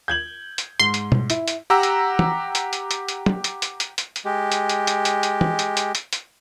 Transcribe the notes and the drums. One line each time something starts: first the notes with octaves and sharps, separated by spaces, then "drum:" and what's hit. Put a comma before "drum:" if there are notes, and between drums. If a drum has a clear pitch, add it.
G6 G#6 F#7
drum: hi-hat
G#2 C6
drum: hi-hat
drum: tom
E4, drum: hi-hat
drum: hi-hat
G4 F#5 A#5 E6
drum: hi-hat
drum: tom
drum: hi-hat
drum: hi-hat
drum: hi-hat
drum: hi-hat
drum: tom
drum: hi-hat
drum: hi-hat
drum: hi-hat
drum: hi-hat
drum: hi-hat
G#3 G4
drum: hi-hat
drum: hi-hat
drum: hi-hat
drum: hi-hat
drum: hi-hat
drum: tom
drum: hi-hat
drum: hi-hat
drum: hi-hat
drum: hi-hat